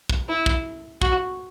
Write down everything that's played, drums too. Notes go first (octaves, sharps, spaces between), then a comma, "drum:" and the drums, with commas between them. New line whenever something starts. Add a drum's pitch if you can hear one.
drum: kick
E4
drum: kick
F#4, drum: kick